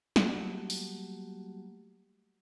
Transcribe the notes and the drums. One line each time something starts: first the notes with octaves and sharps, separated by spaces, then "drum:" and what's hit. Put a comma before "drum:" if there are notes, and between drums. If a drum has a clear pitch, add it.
F#3 G3 A3 A#3 F#4 G4, drum: snare
drum: open hi-hat